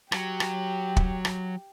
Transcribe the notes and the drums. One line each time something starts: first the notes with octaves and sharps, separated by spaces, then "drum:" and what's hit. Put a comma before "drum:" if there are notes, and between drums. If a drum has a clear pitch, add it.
F#3 G4, drum: rim click
drum: rim click
drum: kick
drum: rim click